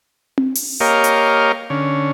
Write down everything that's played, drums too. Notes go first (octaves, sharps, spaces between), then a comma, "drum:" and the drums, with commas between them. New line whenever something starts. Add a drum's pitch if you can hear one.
drum: tom C4
drum: open hi-hat
A#3 G4 A#4 C#5 D#5 F5
drum: hi-hat
D3 C#4